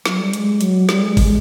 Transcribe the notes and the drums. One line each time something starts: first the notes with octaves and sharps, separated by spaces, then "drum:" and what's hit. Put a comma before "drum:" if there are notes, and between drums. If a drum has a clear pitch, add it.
F#3, drum: snare
G3
G#3, drum: hi-hat
F#3, drum: hi-hat
G3, drum: snare
G#3
G#3, drum: kick G#1, open hi-hat